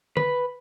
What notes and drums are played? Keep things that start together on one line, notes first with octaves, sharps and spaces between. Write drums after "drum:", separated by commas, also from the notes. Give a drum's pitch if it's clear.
B4, drum: tom D3